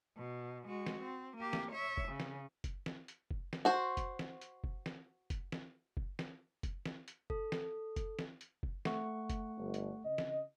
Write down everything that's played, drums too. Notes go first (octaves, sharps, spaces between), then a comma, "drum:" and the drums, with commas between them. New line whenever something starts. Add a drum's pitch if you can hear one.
B2
G#3 F#4
drum: snare
C4
A#3 G4
drum: snare
C#5 E5
drum: kick
C#3
drum: snare
drum: kick, hi-hat
drum: snare
drum: hi-hat
drum: kick
drum: snare
F#4 C5
drum: kick, hi-hat
drum: snare
drum: hi-hat
drum: kick
drum: snare
drum: kick, hi-hat
drum: snare
drum: kick
drum: snare
drum: kick, hi-hat
drum: snare
drum: hi-hat
A4, drum: kick
drum: snare
drum: kick, hi-hat
drum: snare
drum: hi-hat
drum: kick
A3 F#5 C#6, drum: snare
drum: kick, hi-hat
G1
drum: hi-hat
C#3 D#5
drum: snare